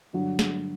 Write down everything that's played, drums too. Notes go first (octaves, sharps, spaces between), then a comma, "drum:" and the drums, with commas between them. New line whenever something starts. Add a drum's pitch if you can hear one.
G2 D3 F#3
drum: snare